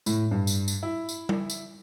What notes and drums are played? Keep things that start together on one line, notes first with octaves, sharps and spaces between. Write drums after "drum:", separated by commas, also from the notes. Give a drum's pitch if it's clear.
A2, drum: tambourine
G2
drum: tambourine
drum: tambourine
E4
drum: tambourine
drum: tom G3
drum: tambourine